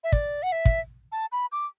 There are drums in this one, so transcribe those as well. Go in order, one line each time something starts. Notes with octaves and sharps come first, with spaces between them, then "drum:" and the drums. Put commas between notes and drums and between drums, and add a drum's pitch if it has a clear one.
E5
D5, drum: kick
F#5
E5
drum: kick
A5
B5
D6